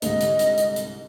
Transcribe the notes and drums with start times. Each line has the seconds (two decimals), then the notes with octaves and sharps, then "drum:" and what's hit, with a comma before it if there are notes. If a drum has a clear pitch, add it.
0.02 C2 G#2 D3 D#5, drum: hi-hat
0.20 drum: hi-hat
0.39 drum: hi-hat
0.58 drum: hi-hat
0.76 drum: hi-hat